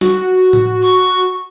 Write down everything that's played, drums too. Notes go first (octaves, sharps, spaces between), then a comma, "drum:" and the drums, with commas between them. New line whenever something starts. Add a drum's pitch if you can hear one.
F#4, drum: snare
drum: tom A2
C#6